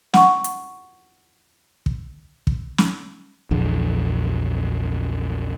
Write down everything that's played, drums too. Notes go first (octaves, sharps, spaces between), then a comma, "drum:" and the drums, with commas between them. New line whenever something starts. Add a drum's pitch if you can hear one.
F#5 C#6, drum: snare
drum: hi-hat
drum: kick
drum: kick
drum: snare
A#1 E2 D3